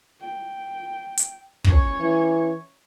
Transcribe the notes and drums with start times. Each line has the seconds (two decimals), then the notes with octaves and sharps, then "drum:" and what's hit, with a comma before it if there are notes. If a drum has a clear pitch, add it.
0.21 G5
1.17 drum: hi-hat
1.64 C#4 C#5, drum: kick
2.00 E3